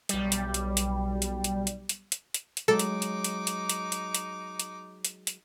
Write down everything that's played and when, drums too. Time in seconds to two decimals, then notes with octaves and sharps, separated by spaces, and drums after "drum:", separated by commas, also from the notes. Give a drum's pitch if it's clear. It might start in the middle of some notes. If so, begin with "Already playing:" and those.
0.09 B1 G3, drum: hi-hat
0.32 drum: hi-hat
0.54 drum: hi-hat
0.77 drum: hi-hat
1.22 drum: hi-hat
1.44 drum: hi-hat
1.67 drum: hi-hat
1.89 drum: hi-hat
2.12 drum: hi-hat
2.34 drum: hi-hat
2.57 drum: hi-hat
2.68 F#3 G#3 D#4 A4 D6 A6
2.79 drum: hi-hat
3.02 drum: hi-hat
3.24 drum: hi-hat
3.47 drum: hi-hat
3.69 drum: hi-hat
3.92 drum: hi-hat
4.14 drum: hi-hat
4.60 drum: hi-hat
5.05 drum: hi-hat
5.27 drum: hi-hat